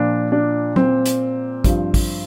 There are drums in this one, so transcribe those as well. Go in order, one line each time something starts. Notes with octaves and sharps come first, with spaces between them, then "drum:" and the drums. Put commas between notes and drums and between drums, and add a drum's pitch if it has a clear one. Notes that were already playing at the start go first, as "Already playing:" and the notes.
Already playing: A#2 F3 D4
D4
C4, drum: tom F#3
drum: hi-hat
G2 F3, drum: kick, hi-hat
drum: kick, open hi-hat